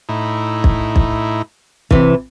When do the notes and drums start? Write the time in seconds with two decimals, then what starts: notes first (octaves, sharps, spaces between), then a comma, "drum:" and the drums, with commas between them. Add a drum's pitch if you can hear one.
0.09 A2 D#4 E4
0.64 drum: kick
0.96 drum: kick
1.91 C3 E3, drum: kick